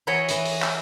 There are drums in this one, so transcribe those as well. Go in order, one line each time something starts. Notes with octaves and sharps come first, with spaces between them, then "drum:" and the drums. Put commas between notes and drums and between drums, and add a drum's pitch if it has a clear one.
E3 E4 F#4 C#5 D#5
E3 D#5, drum: hi-hat
drum: open hi-hat
drum: clap